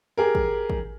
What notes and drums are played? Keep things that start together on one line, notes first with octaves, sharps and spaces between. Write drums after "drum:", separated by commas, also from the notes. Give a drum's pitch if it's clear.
G4 G#4 A#4
drum: kick
drum: kick